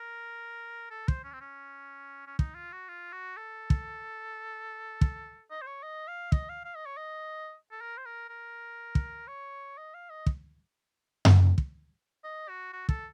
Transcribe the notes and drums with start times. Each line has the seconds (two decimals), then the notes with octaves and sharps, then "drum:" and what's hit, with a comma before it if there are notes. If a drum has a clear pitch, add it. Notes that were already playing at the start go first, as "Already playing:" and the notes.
Already playing: A#4
0.91 A4
1.08 C5, drum: kick
1.24 C#4
1.32 C4
1.41 C#4
2.27 C#4
2.39 D#4, drum: kick
2.55 F4
2.72 F#4
2.88 F4
3.12 F#4
3.37 A4
3.70 drum: kick
5.01 drum: kick
5.50 D#5
5.62 C5
5.67 C#5
5.83 D#5
6.08 F5
6.32 D#5, drum: kick
6.49 F5
6.65 F5
6.75 D#5
6.86 C#5
6.97 D#5
7.71 A4
7.81 A#4
7.97 C5
8.05 A#4
8.29 A#4
8.95 drum: kick
9.28 C#5
9.78 D#5
9.94 F5
10.10 D#5
10.26 drum: kick
11.25 drum: tom F#2
11.58 drum: kick
12.24 D#5
12.49 F#4
12.73 F#4
12.89 A4, drum: kick